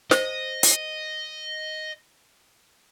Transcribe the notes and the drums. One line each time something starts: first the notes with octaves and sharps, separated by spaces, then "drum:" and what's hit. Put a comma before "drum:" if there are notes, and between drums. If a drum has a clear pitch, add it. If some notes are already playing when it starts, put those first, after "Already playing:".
C5 D#5, drum: snare
drum: hi-hat